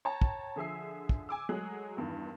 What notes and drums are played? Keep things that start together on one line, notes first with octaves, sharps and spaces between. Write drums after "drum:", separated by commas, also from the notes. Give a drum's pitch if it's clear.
C#5 G5 A5 A#5
drum: kick
D3 F3 G#4 E5 E6 C7
drum: kick
G#5 D6 E6
F#3 G#3 A3 G#4 F#6
E2 G2 D#3 E3